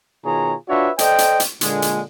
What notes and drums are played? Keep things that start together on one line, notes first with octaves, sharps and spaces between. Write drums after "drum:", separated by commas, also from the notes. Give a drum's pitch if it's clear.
B2 D#3 F4 G#4 C#5 A#5
D4 F4 F#4 B4 C#5 E5
A4 C5 D5 D#5 G5, drum: hi-hat
drum: hi-hat
drum: hi-hat
A#2 D3 G#3, drum: hi-hat
drum: hi-hat